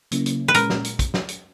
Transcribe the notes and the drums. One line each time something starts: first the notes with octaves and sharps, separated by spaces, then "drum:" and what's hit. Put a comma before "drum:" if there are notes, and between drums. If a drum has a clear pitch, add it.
C#3 F#3 A#3 C#4 E4, drum: hi-hat
drum: hi-hat
B4
A#2 G#3 C#4 A#4, drum: hi-hat
drum: snare
drum: hi-hat
drum: kick, hi-hat
drum: snare
drum: hi-hat